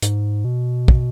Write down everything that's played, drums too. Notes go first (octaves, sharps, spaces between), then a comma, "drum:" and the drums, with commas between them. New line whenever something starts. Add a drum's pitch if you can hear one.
G#2, drum: hi-hat
B2
drum: kick